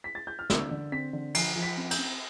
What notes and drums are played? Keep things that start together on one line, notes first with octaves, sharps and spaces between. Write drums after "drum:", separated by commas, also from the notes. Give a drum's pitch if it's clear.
B6
A6
G6
F6
D3 E6, drum: snare
D3
C4 B6
D3
F3 C7, drum: cymbal
F3
B6
C4
G6, drum: cymbal
C4